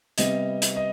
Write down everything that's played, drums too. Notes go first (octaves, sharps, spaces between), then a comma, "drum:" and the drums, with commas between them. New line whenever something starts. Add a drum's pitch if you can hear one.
C3 G3 B3 D#5, drum: hi-hat
drum: hi-hat
D#5